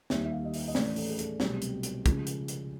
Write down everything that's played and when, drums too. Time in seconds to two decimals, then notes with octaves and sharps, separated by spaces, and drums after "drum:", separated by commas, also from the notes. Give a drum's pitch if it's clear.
0.10 D#2 D#3 G3 A#3 E5, drum: snare
0.25 E5
0.32 F5
0.45 D#5
0.54 E5, drum: open hi-hat
0.68 D#5
0.75 A2 E3 A3 C#4 D5, drum: snare
0.96 A4, drum: open hi-hat
1.09 G#4
1.19 A4, drum: hi-hat
1.40 C2 B2 F#3 A3 C4 G4, drum: snare
1.62 drum: hi-hat
1.83 drum: hi-hat
2.06 C#3 F3 G#3, drum: kick, hi-hat
2.27 drum: hi-hat
2.48 drum: hi-hat